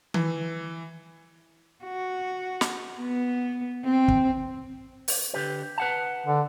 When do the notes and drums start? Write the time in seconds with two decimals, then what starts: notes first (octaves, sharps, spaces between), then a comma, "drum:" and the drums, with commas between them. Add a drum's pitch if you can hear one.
0.14 E3, drum: tom D#3
1.83 F#4
2.61 drum: snare
2.99 B3
3.84 C4
4.08 drum: kick
5.08 drum: open hi-hat
5.34 D3 G4 B4
5.78 B4 F#5 A5
6.26 D3